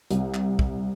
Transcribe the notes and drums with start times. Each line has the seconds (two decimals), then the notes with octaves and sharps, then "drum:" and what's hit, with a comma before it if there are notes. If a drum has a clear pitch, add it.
0.11 C2, drum: hi-hat
0.34 drum: clap
0.59 drum: kick